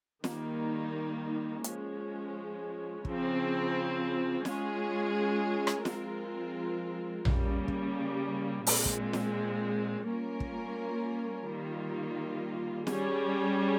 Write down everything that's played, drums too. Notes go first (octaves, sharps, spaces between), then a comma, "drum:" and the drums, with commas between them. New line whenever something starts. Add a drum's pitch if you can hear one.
D#3 G3 A#3 D#4, drum: snare
F3 G#3 C#4, drum: hi-hat
C#3 F3 C4, drum: kick
G#3 C#4 F4 G#4, drum: snare
drum: rim click
F3 G#3 C4 F4 A#4, drum: snare
C#3 G3 A#3, drum: tom A#1
drum: kick
A#2 G#3 C4, drum: open hi-hat
drum: kick
drum: snare
G3 A#3 C#4 F4 A#4
drum: kick
D#3 G3 A#3 F4
G3 C#4 G#4, drum: snare